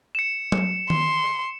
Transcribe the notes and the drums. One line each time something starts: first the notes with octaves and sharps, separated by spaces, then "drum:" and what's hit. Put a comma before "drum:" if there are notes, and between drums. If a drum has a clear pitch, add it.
C#7 E7
drum: tom F#3
C6, drum: tom D#3